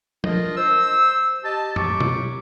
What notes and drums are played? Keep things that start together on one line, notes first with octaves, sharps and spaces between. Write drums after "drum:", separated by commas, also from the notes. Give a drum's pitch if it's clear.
D4 F4 A#4 D#5, drum: tom F3
C5 E6
G4 D#5 A5
F#3 G4 C#6 D6, drum: tom F#2
drum: tom B2